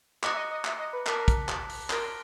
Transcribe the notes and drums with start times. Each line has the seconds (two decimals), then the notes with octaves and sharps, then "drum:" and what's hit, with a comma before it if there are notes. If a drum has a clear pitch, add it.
0.23 D#5 A#5 D6 F#6 A#6 C#7, drum: clap
0.34 E5
0.37 D#5
0.51 D#5
0.65 E5, drum: clap
0.79 D#5
0.93 B4
1.07 A#4 A5 D6 F#6 B6, drum: clap
1.28 drum: kick, hi-hat
1.49 drum: clap
1.70 drum: open hi-hat
1.90 A#4 C6 F6 A#6 D7 G7, drum: clap